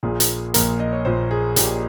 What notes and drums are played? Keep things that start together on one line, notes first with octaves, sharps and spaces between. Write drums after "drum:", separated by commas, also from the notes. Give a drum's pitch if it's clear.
A#1 A#2 F3 A#3 G#4
drum: hi-hat
A#1 A#2 F3 A#3 A#4, drum: hi-hat
D#5
C#5
A#1 A#2 F3 A#3 C5
G#4
A#1 A#2 F3 A#3 G4, drum: hi-hat